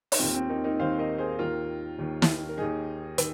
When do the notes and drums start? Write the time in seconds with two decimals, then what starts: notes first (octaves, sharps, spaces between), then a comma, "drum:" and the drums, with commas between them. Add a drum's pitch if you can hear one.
0.12 D#4, drum: open hi-hat
0.19 D#2 D#3 C4 F4
0.35 C4
0.49 A#3 D#4
0.64 A#3 D#4
0.80 D#2 D#3 C5 F5
0.98 A#4 D#5
1.18 G#4 C5
1.39 D#2 D#3 F4 A#4
1.99 D#2 D#3
2.22 drum: snare
2.49 A#4
2.57 D#2 D#3 D#4 G#4
3.18 D#3, drum: hi-hat